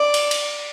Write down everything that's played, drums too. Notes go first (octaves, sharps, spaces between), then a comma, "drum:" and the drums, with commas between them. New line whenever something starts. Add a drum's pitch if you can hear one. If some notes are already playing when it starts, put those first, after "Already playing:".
Already playing: D5
drum: cymbal
drum: cymbal